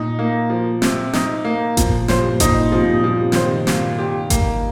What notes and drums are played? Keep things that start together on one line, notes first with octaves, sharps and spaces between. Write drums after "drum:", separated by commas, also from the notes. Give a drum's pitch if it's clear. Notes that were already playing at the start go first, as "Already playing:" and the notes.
Already playing: A#2 D#4
A#3
F3
C3, drum: snare
D#4, drum: snare
A#3
A#2 F3, drum: kick G#1, hi-hat
A#2 C5, drum: snare
G2
A#2
A#2 D#4, drum: kick G#1, hi-hat
C3 F3
A#2
G2
A#2 F3
C3
D#3 C5, drum: snare
C3
A#2, drum: snare
G4
A#3, drum: kick G#1, hi-hat